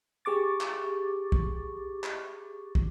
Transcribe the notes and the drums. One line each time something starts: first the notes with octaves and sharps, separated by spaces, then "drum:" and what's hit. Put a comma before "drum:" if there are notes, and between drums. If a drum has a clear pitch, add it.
G4 G#4 C#6 D6 A6
drum: clap
drum: kick
drum: clap
drum: kick